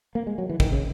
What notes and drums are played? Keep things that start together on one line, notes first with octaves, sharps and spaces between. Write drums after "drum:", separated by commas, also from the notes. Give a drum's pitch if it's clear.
A#3
G#3
F#3
E3
D#3, drum: kick
C#3